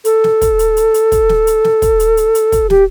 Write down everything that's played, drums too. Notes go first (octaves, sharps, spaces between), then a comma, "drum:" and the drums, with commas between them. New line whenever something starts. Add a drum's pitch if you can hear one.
A4, drum: hi-hat
drum: snare
drum: kick, hi-hat
drum: hi-hat
drum: hi-hat
drum: hi-hat
drum: kick, hi-hat
drum: snare
drum: hi-hat
drum: snare
drum: kick, hi-hat
drum: hi-hat
drum: hi-hat
drum: hi-hat
drum: kick, hi-hat
G4, drum: snare